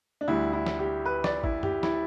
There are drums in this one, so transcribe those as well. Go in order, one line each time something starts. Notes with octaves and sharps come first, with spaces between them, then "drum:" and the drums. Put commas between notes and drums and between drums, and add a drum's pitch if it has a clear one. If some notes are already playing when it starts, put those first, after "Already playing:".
D4
D2 D3 G3 E4
E4
drum: snare
G4
B4
D5, drum: snare
E4, drum: kick A1
G4, drum: tom F#2
E4, drum: snare